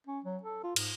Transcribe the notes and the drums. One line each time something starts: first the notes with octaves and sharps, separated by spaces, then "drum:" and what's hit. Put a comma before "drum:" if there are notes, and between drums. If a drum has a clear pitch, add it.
C#4
F#3
A4
F4
G#2, drum: cymbal